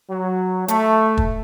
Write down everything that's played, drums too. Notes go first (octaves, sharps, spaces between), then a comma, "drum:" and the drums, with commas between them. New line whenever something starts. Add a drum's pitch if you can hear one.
F#3
A3, drum: hi-hat
drum: kick